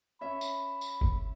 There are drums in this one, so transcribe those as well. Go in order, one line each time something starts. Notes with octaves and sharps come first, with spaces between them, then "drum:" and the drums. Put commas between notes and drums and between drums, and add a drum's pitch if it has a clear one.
C#4 E5 B5
drum: tambourine
drum: tambourine
drum: kick F#1